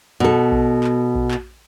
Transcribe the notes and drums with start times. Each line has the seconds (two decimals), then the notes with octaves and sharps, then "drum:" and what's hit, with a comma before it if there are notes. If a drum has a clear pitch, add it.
0.20 B2 A4
0.52 drum: kick A#1
0.84 drum: clap
1.15 drum: kick A#1
1.31 drum: clap